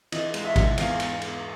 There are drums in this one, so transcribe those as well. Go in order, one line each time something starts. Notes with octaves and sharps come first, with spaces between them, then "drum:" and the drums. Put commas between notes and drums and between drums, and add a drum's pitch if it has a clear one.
E3 D#5, drum: cymbal
G#3, drum: cymbal
E5
G#2, drum: kick G#1, cymbal
E2 F5, drum: cymbal
drum: cymbal
drum: cymbal